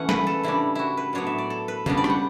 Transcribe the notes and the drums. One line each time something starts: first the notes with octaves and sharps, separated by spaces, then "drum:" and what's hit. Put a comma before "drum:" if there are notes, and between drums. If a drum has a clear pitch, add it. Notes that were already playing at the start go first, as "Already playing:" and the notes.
Already playing: E3 A3 C#4 F#5
B4, drum: snare
A4
C#3 G3 D4 E4
E4 F#4
B4
A2 F#3 B3 D4 C#5
E5
D5
A4
B4
C#3 G3 B3 D4, drum: tom
D5
G5, drum: rim click
F#5